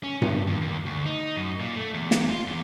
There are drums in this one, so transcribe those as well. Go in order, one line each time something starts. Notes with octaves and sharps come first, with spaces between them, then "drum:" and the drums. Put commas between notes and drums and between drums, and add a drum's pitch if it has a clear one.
C#4
G2, drum: tom G2
D#2
D#2
D2
D#4
F#2
A#2
A3
E2
drum: snare
F4
E2